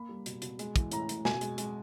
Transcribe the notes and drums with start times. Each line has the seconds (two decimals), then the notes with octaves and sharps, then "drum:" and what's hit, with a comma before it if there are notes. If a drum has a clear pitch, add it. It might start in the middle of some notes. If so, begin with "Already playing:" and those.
Already playing: A#3 B5
0.09 G3
0.26 B2, drum: hi-hat
0.42 B2, drum: hi-hat
0.59 G#3, drum: hi-hat
0.76 E3, drum: kick, hi-hat
0.92 A2 A#5, drum: hi-hat
1.09 A2, drum: hi-hat
1.25 B2 G#5, drum: snare
1.41 G#3, drum: hi-hat
1.58 G#3, drum: hi-hat